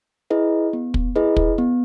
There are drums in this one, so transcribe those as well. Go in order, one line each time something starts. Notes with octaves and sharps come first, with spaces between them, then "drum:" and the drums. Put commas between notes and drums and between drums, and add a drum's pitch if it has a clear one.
E4 G#4 B4 D#5
B3
drum: kick
E4 G#4 B4 D#5
drum: kick
B3